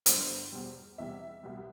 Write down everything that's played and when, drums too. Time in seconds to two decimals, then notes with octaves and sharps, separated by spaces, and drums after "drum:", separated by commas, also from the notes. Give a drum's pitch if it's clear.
0.06 G1 G2 D3 C5, drum: hi-hat
0.52 E2 B2 G3
0.98 E2 C3 E3 G3 E5
1.43 C2 B2 G3